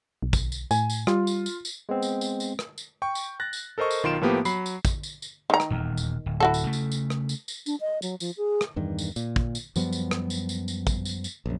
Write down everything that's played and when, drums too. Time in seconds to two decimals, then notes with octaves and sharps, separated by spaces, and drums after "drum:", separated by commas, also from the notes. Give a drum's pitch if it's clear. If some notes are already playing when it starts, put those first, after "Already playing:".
0.22 B1
0.33 drum: kick, tambourine
0.52 drum: tambourine
0.71 A2 G#5, drum: tambourine
0.90 drum: tambourine
1.07 G3 F4, drum: rim click
1.27 drum: tambourine
1.46 drum: tambourine
1.65 drum: tambourine
1.89 G#3 B3 C4
2.02 drum: tambourine
2.21 drum: tambourine
2.40 drum: tambourine
2.59 drum: rim click
2.78 drum: tambourine
3.02 G5 C#6
3.15 drum: tambourine
3.40 F#6 A6 A#6
3.53 drum: tambourine
3.78 A4 A#4 C5 D#5 C#6
3.91 drum: tambourine
4.03 B1 D#3 F4 C6 D7 E7
4.21 A2 F3 A#3 B3 G4
4.45 F#3 B5 C7, drum: tambourine
4.66 drum: tambourine
4.85 drum: kick, tambourine
5.03 drum: tambourine
5.22 drum: tambourine
5.50 D#3 A#5
5.60 drum: rim click
5.70 D#1 E2
5.98 drum: tambourine
6.26 D1
6.40 E4 F#4 A4
6.54 drum: tambourine
6.64 C#3 A3
6.73 drum: tambourine
6.92 drum: tambourine
7.10 drum: rim click
7.29 drum: tambourine
7.48 drum: tambourine
7.66 D4, drum: tambourine
7.80 D#5
8.02 F#3, drum: tambourine
8.20 F3, drum: tambourine
8.37 G#4
8.61 drum: rim click
8.76 E2 G2 D#3
8.99 drum: tambourine
9.16 A#2, drum: tambourine
9.36 drum: kick
9.55 drum: tambourine
9.76 F#2 F3 G3 B3, drum: tambourine
9.93 drum: tambourine
10.11 drum: rim click
10.30 drum: tambourine
10.49 drum: tambourine
10.68 drum: tambourine
10.87 drum: kick, tambourine
11.05 drum: tambourine
11.24 drum: tambourine
11.46 A#1 F#2